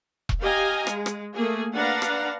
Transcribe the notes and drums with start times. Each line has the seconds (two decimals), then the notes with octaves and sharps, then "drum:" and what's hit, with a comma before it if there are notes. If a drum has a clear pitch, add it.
0.29 drum: kick E1
0.41 G4 D#5 F5 G#5 A#5
0.87 G#3, drum: rim click
1.06 drum: rim click
1.35 A3 A#3 G#4
1.75 D4 B4 F5 F#5 A#5
2.02 drum: rim click